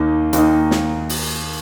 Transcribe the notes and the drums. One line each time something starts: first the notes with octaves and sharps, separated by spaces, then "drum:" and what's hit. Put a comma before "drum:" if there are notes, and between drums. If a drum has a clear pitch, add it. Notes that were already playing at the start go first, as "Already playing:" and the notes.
Already playing: D#2 D#3 A#3 D#4
D#2 D#3 A#3 D#4, drum: hi-hat
drum: snare
drum: open hi-hat